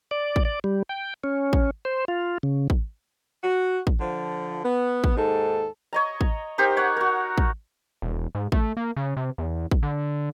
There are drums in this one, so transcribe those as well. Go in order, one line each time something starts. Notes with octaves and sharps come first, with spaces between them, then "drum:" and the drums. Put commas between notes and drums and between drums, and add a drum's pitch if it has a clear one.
D5
drum: kick
D5
G3
G5
C#4
drum: kick
C5
F4
C#3
drum: kick
F#4
drum: kick
D3 F3
B3
drum: kick
D#2 G#2 A4
C#5 D#5 A#5
drum: kick
D#4 G4 A#4 C5
C#5 F#5
F#4 A#4
drum: kick
E1
G#2
A3, drum: kick
A#3
C#3
C3
E2
drum: kick
D3